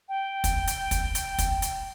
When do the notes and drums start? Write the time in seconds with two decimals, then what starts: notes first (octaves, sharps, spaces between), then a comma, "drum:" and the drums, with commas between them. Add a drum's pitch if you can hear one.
0.09 G5
0.44 drum: kick, hi-hat
0.67 drum: hi-hat
0.91 drum: kick, hi-hat
1.15 drum: hi-hat
1.38 drum: kick, hi-hat
1.62 drum: hi-hat